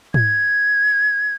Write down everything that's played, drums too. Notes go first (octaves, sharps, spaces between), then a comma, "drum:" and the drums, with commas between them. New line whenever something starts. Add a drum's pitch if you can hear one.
G#6, drum: tom